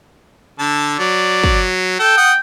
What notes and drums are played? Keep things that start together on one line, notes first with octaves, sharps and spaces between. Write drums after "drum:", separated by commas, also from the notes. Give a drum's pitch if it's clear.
D3 A5
F#3 D5
drum: kick
A4 G5
F#5 D#6